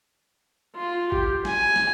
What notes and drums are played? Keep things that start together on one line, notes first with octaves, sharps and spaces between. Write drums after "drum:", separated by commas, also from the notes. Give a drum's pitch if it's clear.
F4
G4, drum: kick
G#5, drum: snare
drum: snare